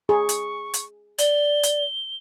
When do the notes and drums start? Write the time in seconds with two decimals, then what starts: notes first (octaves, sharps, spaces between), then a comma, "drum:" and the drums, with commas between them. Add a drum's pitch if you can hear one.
0.09 G#4 C#6
0.29 drum: hi-hat
0.74 drum: hi-hat
1.19 D5 G7, drum: hi-hat
1.63 drum: hi-hat